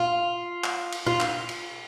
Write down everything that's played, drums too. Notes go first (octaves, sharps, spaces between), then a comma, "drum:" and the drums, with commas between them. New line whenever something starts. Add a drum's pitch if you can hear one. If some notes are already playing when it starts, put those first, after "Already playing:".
Already playing: F4
drum: clap
drum: cymbal
F4
drum: clap
drum: cymbal